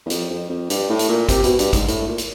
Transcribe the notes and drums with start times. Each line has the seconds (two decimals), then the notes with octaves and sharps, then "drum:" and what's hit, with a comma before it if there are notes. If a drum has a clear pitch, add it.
0.06 E2
0.10 F2, drum: hi-hat
0.30 F2
0.50 F2
0.70 G2, drum: hi-hat
0.90 A2
0.99 drum: hi-hat
1.09 A#2
1.29 C3, drum: kick, hi-hat
1.44 B2, drum: hi-hat
1.59 G2, drum: hi-hat
1.73 G#2, drum: kick, hi-hat
1.88 A2, drum: hi-hat
2.08 A#2
2.18 drum: hi-hat